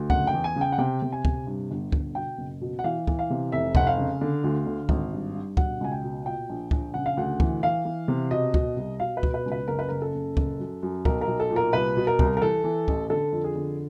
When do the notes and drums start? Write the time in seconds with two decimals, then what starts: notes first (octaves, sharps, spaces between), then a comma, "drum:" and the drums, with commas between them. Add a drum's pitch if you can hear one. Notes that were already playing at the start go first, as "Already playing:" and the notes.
Already playing: D2
0.10 F#1 F#5, drum: kick
0.27 G5
0.33 E2
0.44 G#5
0.56 C#3 G5
0.72 F#5
0.78 C3 G5
1.02 C3
1.12 G#5
1.25 C3, drum: kick
1.47 G2
1.71 G1
1.92 G1, drum: kick
2.15 B2 G5
2.38 F#1
2.61 B2
2.79 F#5
2.84 E3 F5
3.07 E3, drum: kick
3.19 F5
3.30 C3
3.52 F1 E5
3.75 F1 F#5, drum: kick
3.87 F5
3.98 C#3
4.21 D3
4.44 D2
4.66 D3
4.89 G#1, drum: kick
5.13 G2
5.35 G2
5.57 B2 F#5, drum: kick
5.81 C#2 G#5
5.92 G5
6.04 B2
6.25 A#2 G5
6.49 A#1
6.71 A#1, drum: kick
6.94 C#3 F#5
7.06 F5
7.17 D2 F#5
7.40 E3, drum: kick
7.63 E3 F5
7.85 E3
8.08 C3
8.31 B2 D#5
8.54 B2, drum: kick
8.77 C2
9.00 B2 F5
9.17 B4
9.23 B2, drum: kick
9.34 B4
9.46 C#2
9.52 B4
9.68 F#1 A#4
9.79 B4
9.89 C#3 A#4
10.02 A4
10.14 F#1
10.37 F#1, drum: kick
10.60 F#2
10.83 F#2
11.05 B1 A#4, drum: kick
11.21 A#4
11.27 B1
11.40 A4
11.50 A#2
11.56 A#4
11.73 C2 B4
11.97 B2
12.07 A#4
12.19 C2, drum: kick
12.37 A#4
12.42 E3 A4
12.64 E3
12.88 A1, drum: kick
13.10 D3 A4
13.32 F2
13.44 G#4
13.55 D3